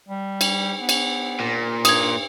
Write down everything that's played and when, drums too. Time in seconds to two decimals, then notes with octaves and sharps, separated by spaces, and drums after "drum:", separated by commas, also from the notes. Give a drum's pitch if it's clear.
0.08 G3
0.41 drum: cymbal
0.80 B3
0.89 drum: cymbal
1.40 A#2
1.85 G2 D#6 G#6, drum: cymbal